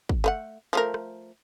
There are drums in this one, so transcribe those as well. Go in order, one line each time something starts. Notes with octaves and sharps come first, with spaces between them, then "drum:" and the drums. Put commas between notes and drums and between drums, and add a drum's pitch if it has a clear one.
drum: kick
A3 B4 F#5
F3 A3 A#4
drum: rim click